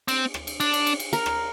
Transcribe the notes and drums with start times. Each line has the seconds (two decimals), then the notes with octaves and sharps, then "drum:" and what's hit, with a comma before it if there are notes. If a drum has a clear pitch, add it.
0.08 C4, drum: cymbal
0.34 drum: rim click
0.47 drum: cymbal
0.60 D4, drum: cymbal
0.73 drum: cymbal
0.86 drum: cymbal
1.00 drum: cymbal
1.13 A#4, drum: cymbal
1.26 drum: rim click